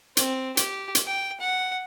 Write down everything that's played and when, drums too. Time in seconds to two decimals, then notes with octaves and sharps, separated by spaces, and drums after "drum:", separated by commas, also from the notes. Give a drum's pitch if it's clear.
0.17 C4, drum: hi-hat
0.57 G4, drum: hi-hat
0.95 drum: hi-hat
1.07 G5
1.40 F#5